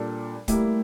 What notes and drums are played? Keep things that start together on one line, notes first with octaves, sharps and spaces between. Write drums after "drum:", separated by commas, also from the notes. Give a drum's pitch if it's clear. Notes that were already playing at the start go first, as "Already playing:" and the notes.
Already playing: A#2 G3 D4 A4
G3 A3 A#3 E4 G4, drum: kick, hi-hat